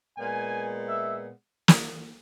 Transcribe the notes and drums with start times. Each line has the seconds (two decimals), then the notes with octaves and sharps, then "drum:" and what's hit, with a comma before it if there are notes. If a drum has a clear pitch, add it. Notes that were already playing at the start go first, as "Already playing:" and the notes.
0.17 A#2 G#3 B3 G#5
0.87 E5
1.68 drum: snare